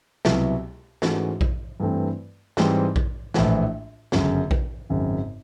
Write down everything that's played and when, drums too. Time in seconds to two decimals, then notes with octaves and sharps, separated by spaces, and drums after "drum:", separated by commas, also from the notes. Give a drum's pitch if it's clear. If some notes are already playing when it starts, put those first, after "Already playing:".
0.25 C2 B2 F#3 B3 E4, drum: snare
1.02 G#2 E3 A3 C#4 F#4, drum: snare
1.41 drum: kick A#1
1.80 G2 E3 A3 C4
2.57 G#2 E3 G3 C4, drum: snare
2.96 drum: kick A#1
3.34 A#1 A2 E3, drum: snare
4.12 G1 F#2 C#3, drum: snare
4.51 drum: kick A#1
4.90 G#1 F#2 C#3